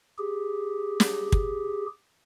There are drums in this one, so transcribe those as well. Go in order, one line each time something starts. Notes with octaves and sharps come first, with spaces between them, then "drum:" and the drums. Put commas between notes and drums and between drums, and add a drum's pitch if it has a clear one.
G4 G#4
drum: snare
drum: kick